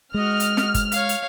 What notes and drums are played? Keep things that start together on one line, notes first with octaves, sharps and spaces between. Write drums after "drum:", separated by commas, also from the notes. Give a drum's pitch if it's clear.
G#3 F#4 D#5 F6
drum: hi-hat
drum: snare
drum: kick G1, hi-hat
C#5 F5, drum: hi-hat
drum: hi-hat